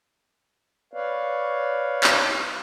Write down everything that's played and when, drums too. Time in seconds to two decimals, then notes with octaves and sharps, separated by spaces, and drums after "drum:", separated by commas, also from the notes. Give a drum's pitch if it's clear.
0.93 B4 C#5 D5 F5
2.03 drum: clap